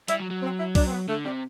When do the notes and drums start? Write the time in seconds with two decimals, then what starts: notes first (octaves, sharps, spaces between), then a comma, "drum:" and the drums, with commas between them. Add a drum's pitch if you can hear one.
0.08 G3 E4, drum: hi-hat
0.20 F#3
0.31 F#3
0.42 C4
0.58 E4
0.75 D4, drum: kick, open hi-hat
0.86 C4
0.91 B3
1.08 D3 A3
1.24 C3 G3